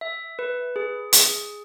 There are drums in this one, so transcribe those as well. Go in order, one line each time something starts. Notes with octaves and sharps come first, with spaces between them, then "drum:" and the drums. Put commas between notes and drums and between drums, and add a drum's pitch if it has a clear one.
E5
B4
G#4
G#4, drum: hi-hat